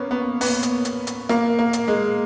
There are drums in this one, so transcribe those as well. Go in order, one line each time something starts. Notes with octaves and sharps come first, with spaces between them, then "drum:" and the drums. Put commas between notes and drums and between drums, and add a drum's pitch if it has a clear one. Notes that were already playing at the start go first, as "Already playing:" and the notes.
Already playing: A#3 B3 C#4
B3
B3, drum: open hi-hat
drum: hi-hat
drum: hi-hat
drum: hi-hat
A#3, drum: rim click
A#3
drum: hi-hat
G#3